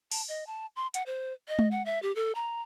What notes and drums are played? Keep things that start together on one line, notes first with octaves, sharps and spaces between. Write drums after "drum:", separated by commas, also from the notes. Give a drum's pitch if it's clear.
A5, drum: open hi-hat
D#5
A5
C6
F#5, drum: hi-hat
C5
D#5
drum: tom G#3
F#5
E5
G4
A4
A#5